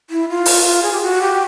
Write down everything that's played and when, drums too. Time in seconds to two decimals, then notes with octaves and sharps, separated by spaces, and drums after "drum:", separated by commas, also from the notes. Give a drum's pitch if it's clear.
0.10 E4
0.29 F4
0.46 drum: open hi-hat
0.66 F4
0.83 G#4
0.93 G4
1.02 F#4
1.22 G4